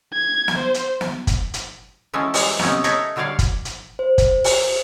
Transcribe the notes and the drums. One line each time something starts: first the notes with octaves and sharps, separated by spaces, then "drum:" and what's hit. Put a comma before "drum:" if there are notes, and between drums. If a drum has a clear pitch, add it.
G#6
drum: snare
C5
drum: hi-hat
drum: snare
drum: kick, hi-hat
drum: hi-hat
E3 F#3 G#3 C#4 A4
E3 G3 G#3, drum: open hi-hat
C3 A3 B3 C#4 D#4, drum: snare
D#4 A4 A#4 C#5 E5 A#5, drum: hi-hat
D3 F#3 G3 C#5 D5 F5
drum: kick, hi-hat
drum: hi-hat
C5
drum: kick, hi-hat
drum: open hi-hat